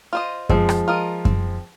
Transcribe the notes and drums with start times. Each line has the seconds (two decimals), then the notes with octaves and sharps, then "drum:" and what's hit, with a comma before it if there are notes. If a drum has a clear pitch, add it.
0.13 F4 C5 D#5
0.49 F3 G#3 C4, drum: kick F#2
0.69 drum: rim click
0.88 F4 A#4 D#5
1.25 C4, drum: kick F#2